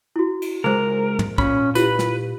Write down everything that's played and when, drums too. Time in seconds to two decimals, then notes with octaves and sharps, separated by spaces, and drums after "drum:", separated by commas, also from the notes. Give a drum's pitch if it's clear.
0.16 E4 F#4
0.42 drum: cymbal
0.64 C#2 G#3 G#4 A#4 C5
1.19 drum: tom
1.38 A#2 C#4 B5, drum: kick
1.75 E4 F4 G4 B4, drum: tambourine
1.99 drum: snare